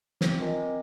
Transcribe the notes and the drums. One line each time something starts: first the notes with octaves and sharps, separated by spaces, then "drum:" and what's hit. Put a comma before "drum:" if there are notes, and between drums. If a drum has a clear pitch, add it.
C4, drum: snare
F4 A#4 D#5 G#5
C4